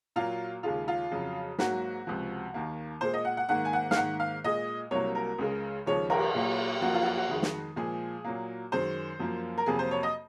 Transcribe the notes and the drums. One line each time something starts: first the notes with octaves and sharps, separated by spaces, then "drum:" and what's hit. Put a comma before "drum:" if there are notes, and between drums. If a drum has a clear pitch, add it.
A#2 F#3 A#3 F4
D#2 C#3 G#3 F4
F4
F2 C#3 F#3
G#2 F#3 A#3 F#4, drum: snare
C#2 C3 F3
D#2 D#3 A#3
A#2 G#3 C5
D#5
F#5
F#5
G#2 D#3 A#3 F#5
G#5
F#5
F5, drum: snare
G#2 D#3 A#3 F#5
F5
A#2 G#3 D#5
C2 C3 F#3 A#3 C#5
A#4
C#2 C#3 G#3
D#2 C#3 F3 G#3 C#5
A#4, drum: cymbal
A#2 F#3 A#3
F#2 F3 A#3 F#4
F4
F#4
F4
F#4
F2 D#3 G#3
drum: snare
A#2 F3 G#3 G#4
A#2 F#3 A#3
F#2 D#3 G#3 C5
F#2 F3 A#3
A#4
F2 C3 F#3 A#3 G#4
C5
C#5
D#5